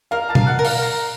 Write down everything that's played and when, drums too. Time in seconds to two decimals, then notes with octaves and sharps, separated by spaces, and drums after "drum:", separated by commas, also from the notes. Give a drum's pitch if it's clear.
0.11 A#4 F5 F6
0.29 A5 A6
0.35 F5, drum: tom B2
0.47 F#5 F#6
0.59 A#4
0.65 F5 F6, drum: open hi-hat
0.82 A#4